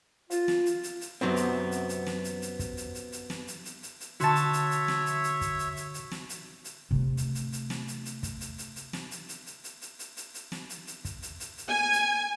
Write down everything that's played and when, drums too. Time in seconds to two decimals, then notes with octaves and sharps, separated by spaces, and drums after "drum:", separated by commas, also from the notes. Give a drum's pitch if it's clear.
0.30 F4, drum: hi-hat
0.48 drum: snare
0.66 drum: hi-hat
0.83 drum: hi-hat
1.01 drum: hi-hat
1.21 F#2 C3 E3 F#3 B3 C4
1.36 drum: hi-hat
1.71 drum: hi-hat
1.89 drum: hi-hat
2.07 drum: snare
2.24 drum: hi-hat
2.42 drum: hi-hat
2.59 drum: kick, hi-hat
2.77 drum: hi-hat
2.95 drum: hi-hat
3.12 drum: hi-hat
3.30 drum: snare
3.47 drum: hi-hat
3.65 drum: hi-hat
3.83 drum: hi-hat
4.00 drum: hi-hat
4.20 B2 D3 F#4 C#5 E5 A5 C6, drum: hi-hat
4.36 drum: hi-hat
4.53 drum: hi-hat
4.71 drum: hi-hat
4.88 drum: snare
5.06 drum: hi-hat
5.24 drum: hi-hat
5.41 drum: kick, hi-hat
5.59 drum: hi-hat
5.76 drum: hi-hat
5.94 drum: hi-hat
6.12 drum: snare
6.29 drum: hi-hat
6.64 drum: hi-hat
6.91 C3 A3
7.17 drum: hi-hat
7.35 drum: hi-hat
7.52 drum: hi-hat
7.70 drum: snare
7.88 drum: hi-hat
8.05 drum: hi-hat
8.23 drum: kick, hi-hat
8.41 drum: hi-hat
8.58 drum: hi-hat
8.76 drum: hi-hat
8.93 drum: snare
9.11 drum: hi-hat
9.29 drum: hi-hat
9.46 drum: hi-hat
9.64 drum: hi-hat
9.81 drum: hi-hat
9.99 drum: hi-hat
10.17 drum: hi-hat
10.34 drum: hi-hat
10.52 drum: snare
10.69 drum: hi-hat
10.87 drum: hi-hat
11.05 drum: kick, hi-hat
11.22 drum: hi-hat
11.40 drum: hi-hat
11.58 drum: hi-hat
11.70 G#5
11.93 drum: hi-hat